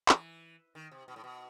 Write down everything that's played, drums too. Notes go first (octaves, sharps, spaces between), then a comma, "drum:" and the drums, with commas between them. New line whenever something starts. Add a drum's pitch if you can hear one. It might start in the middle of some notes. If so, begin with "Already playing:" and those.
E3, drum: clap
D#3
C3
B2
A2
B2